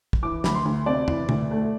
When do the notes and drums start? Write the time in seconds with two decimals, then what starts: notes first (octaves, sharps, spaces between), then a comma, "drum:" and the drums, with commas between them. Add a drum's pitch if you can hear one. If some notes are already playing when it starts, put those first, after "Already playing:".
0.13 drum: kick
0.23 E3 D6
0.44 D2 B5, drum: snare
0.55 C6
0.65 D2
0.86 C3 D5
1.08 E3, drum: tom
1.29 D2, drum: tom
1.51 A3